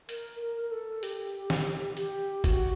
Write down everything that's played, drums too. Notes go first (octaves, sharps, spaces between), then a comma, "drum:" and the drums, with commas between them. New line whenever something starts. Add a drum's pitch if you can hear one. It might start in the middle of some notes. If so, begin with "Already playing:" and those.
A#4, drum: hi-hat
A#4
A#4
A4
G4, drum: hi-hat
drum: snare
G4, drum: hi-hat
F#4, drum: kick G#1, hi-hat